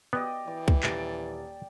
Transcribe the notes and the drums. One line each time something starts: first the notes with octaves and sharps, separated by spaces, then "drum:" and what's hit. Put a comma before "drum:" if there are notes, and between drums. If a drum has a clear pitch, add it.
B3 G4 D5 D#5
E3 D5
drum: kick
D#1 A6 D7, drum: clap